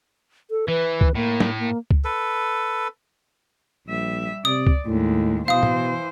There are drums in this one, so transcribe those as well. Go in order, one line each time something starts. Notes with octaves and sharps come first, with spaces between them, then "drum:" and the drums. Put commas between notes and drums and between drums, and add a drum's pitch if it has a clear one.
A4
E3 B4
drum: kick C#2
A2 A#3
drum: snare
A#3
drum: kick C#2
A4 B4
A#1 G3 E5
C3 D5 D#6
drum: kick C#2
D#2 A2 G#3
B2 E3 C5 F5 D#6
drum: tom